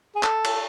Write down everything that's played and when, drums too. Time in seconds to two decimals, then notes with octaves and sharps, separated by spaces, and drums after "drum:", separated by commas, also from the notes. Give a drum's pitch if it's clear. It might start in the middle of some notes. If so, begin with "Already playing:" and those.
0.16 G#4
0.23 A4, drum: clap
0.45 drum: cymbal